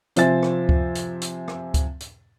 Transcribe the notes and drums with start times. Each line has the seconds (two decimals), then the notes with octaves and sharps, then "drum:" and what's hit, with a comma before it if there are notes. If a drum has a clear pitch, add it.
0.16 C3 F3 C5 E5 G#5 A6, drum: hi-hat
0.43 drum: rim click
0.69 drum: kick C#2
0.95 drum: hi-hat
1.21 drum: hi-hat
1.48 drum: rim click
1.74 drum: kick C#2, hi-hat
2.00 drum: hi-hat